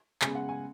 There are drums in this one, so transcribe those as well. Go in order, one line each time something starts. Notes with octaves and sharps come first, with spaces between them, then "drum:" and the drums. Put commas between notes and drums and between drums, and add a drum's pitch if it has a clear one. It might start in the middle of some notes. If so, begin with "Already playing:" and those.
C#3 G#3 B3 G#5, drum: clap
F#5
G#5